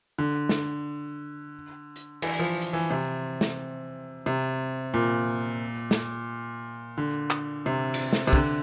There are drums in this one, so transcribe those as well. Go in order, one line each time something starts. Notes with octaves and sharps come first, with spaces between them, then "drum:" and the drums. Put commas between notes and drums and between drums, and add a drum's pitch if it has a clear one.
D3
drum: snare
drum: hi-hat
E3, drum: cymbal
F3
drum: hi-hat
E3
C3
drum: snare
C3
A#2
drum: snare
D3
drum: clap
C3
drum: cymbal
drum: snare
C3
D3, drum: kick